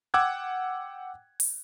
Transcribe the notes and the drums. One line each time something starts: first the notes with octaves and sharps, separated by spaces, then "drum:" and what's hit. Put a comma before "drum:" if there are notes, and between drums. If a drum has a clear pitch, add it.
F#5 G5 D6 E6 F#6 G#6
drum: open hi-hat